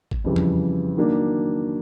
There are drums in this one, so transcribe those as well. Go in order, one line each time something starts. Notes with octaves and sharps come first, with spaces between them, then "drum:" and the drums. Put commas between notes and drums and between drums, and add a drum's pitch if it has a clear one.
drum: kick
F2 C#3 E3 G3
drum: tom E2
D#3 F#3 A#3 D4